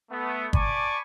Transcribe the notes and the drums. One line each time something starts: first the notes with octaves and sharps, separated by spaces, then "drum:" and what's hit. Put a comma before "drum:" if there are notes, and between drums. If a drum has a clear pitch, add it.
A3 B3
D5 G#5 A5 B5 C#6 D6, drum: kick G1